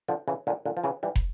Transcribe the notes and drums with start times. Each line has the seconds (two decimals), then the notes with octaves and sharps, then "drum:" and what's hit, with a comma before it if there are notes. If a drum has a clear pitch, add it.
0.08 D3 F3
0.28 C#3 E3
0.47 A#2 D3
0.66 A#2 D3
0.77 F3
0.84 C#3 E3
1.03 E3 G3
1.16 drum: kick